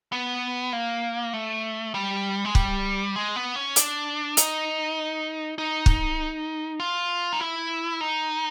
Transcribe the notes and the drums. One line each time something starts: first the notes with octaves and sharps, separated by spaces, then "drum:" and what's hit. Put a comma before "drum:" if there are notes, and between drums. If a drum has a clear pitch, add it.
B3
A#3
A3
G3
G#3
G3, drum: kick
G#3
B3
C#4
D4, drum: hi-hat
D#4, drum: hi-hat
D#4
drum: kick
F4
D#4
E4
D#4